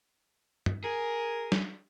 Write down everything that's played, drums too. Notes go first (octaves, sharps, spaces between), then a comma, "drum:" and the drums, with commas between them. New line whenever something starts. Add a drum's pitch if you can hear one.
drum: tom
G#4 A#4
drum: snare